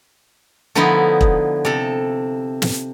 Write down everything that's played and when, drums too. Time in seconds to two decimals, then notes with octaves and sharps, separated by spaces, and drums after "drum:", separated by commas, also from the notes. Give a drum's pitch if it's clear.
0.75 D3 F3 B3 D#4 E4
1.21 drum: kick E1
1.65 C3 A4
2.62 drum: snare